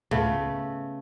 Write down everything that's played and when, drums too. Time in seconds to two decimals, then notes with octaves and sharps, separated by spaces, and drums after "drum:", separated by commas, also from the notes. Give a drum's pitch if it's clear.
0.11 C#3 A3 B3, drum: tom G#2